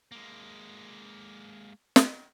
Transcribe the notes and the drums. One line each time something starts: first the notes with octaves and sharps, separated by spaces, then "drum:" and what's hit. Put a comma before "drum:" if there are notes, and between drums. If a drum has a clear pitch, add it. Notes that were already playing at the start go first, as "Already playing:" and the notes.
G#3 A#3
drum: snare